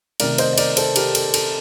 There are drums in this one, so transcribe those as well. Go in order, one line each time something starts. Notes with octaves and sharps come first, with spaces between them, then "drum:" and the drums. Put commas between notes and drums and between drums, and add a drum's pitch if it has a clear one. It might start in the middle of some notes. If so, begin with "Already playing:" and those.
C3 D#3 A3 A#4 D5, drum: cymbal
C5 D#5, drum: cymbal
D#5
A#4 D5, drum: cymbal
A4 C5, drum: cymbal
G4 A#4, drum: cymbal
A4, drum: cymbal
A4, drum: cymbal